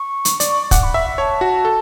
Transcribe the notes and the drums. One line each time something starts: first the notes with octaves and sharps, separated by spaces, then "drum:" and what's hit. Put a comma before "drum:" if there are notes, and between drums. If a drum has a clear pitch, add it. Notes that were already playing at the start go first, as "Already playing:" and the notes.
Already playing: C#6
drum: hi-hat
D5, drum: hi-hat
F#5 D6, drum: kick, hi-hat
B5
E5 F#5
E5
C#5 A5
F#4
A4